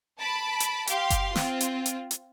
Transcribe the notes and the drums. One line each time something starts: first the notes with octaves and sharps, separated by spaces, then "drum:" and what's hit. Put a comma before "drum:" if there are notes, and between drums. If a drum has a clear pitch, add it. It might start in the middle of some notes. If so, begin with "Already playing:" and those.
A5 B5 D7
drum: hi-hat
G4 F5 C6, drum: hi-hat
drum: kick F#1, hi-hat
C4 F4, drum: snare
drum: hi-hat
drum: hi-hat
drum: hi-hat